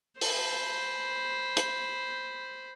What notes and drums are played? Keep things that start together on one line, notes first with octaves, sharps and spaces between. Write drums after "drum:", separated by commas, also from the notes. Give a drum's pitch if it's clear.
C5 B5, drum: open hi-hat
drum: hi-hat